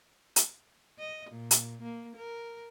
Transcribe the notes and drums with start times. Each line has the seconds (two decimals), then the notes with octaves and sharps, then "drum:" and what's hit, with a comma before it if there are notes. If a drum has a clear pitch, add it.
0.36 drum: hi-hat
0.99 D#5
1.30 A#2
1.51 drum: hi-hat
1.82 A#3
2.17 A#4